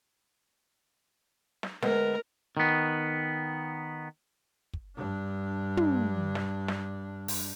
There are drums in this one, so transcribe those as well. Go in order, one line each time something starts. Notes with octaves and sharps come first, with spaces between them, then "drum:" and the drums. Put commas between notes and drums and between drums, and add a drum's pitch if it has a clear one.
drum: snare
D2 G#3 B3 A#4, drum: snare
D#3 B3
drum: kick
G2 D4
drum: tom
drum: snare
drum: snare
drum: open hi-hat